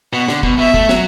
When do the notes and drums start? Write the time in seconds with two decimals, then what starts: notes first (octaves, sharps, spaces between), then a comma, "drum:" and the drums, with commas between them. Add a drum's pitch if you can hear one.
0.13 B2 F#5
0.28 D3, drum: snare
0.43 B2, drum: kick
0.58 B2 E5
0.74 A3, drum: kick
0.89 F#3, drum: snare